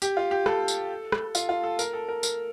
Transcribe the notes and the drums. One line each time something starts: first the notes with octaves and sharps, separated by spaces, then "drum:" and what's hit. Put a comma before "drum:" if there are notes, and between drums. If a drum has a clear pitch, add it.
G4, drum: tambourine
F4
G4
A4, drum: rim click
drum: tambourine
drum: rim click
F4, drum: tambourine
F4
A4
A#4, drum: tambourine
A4
A#4
A#4, drum: tambourine